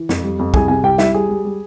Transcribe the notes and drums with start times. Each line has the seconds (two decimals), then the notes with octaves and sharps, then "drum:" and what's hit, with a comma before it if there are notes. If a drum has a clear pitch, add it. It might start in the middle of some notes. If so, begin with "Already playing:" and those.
Already playing: E3
0.09 F2, drum: snare
0.23 G3
0.39 F2
0.54 C2 G#4 G#5, drum: kick
0.68 C3 G#4 G#5
0.83 C2 G4 G5
0.98 G3 E4 E5, drum: snare
1.14 G3 G#4
1.29 G3
1.45 G3